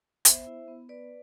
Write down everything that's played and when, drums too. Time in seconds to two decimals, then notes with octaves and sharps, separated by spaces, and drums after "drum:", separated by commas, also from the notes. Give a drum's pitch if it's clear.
0.25 B3 C5 E5, drum: hi-hat
0.46 E4
0.68 B3
0.89 B3 B4 D5